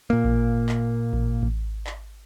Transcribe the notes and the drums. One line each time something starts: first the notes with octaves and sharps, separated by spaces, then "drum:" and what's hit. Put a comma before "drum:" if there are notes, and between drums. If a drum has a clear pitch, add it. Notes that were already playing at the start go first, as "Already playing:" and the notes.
A#2 A#3
drum: kick A1
drum: clap
drum: kick A1
drum: kick A1
drum: clap